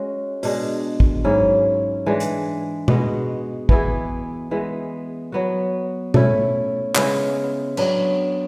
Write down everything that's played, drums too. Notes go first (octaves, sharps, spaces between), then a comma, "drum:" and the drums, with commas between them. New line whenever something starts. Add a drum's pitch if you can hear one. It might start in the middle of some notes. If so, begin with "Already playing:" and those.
Already playing: G#3 C#4 F#4
B2 G#3 D4, drum: open hi-hat
drum: kick
G#2 F#3 C#4 E4
E3 G#3 D4
drum: hi-hat
B2 G#3 B3 F#4, drum: tom B2
E3 B3 E4 G#4, drum: kick
E3 G#3 B3
F#3 B3 F#4
A3 C#4 E4, drum: tom B2
C#3 G#3 B3 E4, drum: clap
F#3 B3 D4, drum: cymbal